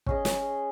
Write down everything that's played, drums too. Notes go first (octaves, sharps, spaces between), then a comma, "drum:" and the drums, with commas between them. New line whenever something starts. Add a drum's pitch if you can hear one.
C#4 G#4 D#5, drum: kick
drum: snare